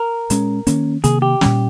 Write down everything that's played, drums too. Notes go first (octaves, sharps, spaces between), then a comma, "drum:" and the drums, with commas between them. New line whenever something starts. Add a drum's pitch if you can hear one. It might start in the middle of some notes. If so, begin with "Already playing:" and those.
Already playing: A#4
A#2 G#3 C#4, drum: hi-hat
D#3 A#3 C#4, drum: hi-hat
C3 D#3 A#3 G#4, drum: hi-hat
G4
A#2 G3 C#4, drum: snare